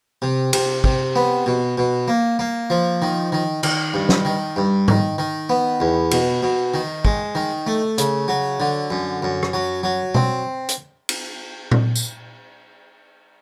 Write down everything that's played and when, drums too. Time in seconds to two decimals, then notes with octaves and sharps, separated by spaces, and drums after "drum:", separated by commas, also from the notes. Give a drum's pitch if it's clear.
0.22 C3
0.53 C3, drum: cymbal
0.84 C3, drum: kick
1.16 B3
1.46 B2
1.78 B2
2.08 A#3
2.39 A#3
2.70 F3
3.02 D#3
3.32 D#3
3.63 D#3, drum: cymbal
3.94 G2
4.09 drum: snare
4.25 D#3
4.56 G2
4.88 D#3, drum: tom G#2
5.18 D#3
5.50 B3
5.80 E2
6.11 B2, drum: cymbal
6.43 B2
6.74 D#3
7.05 G#3, drum: kick
7.35 D#3
7.67 A3
7.98 C#3, drum: hi-hat
8.28 F#3
8.60 D3
8.90 F#2
9.22 F#2
9.43 drum: rim click
9.53 F#3
9.83 F#3
10.15 C4, drum: tom B2
10.69 drum: hi-hat
11.09 drum: cymbal
11.71 drum: tom A#2
11.95 drum: tambourine